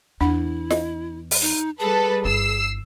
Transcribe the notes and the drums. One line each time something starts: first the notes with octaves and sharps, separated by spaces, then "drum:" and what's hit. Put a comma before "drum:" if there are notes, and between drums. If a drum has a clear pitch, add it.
E2 D4 E4 F#5
D#5, drum: snare
drum: open hi-hat
D#4
G3 G#4 A4 B4
G1 E4 E6 C7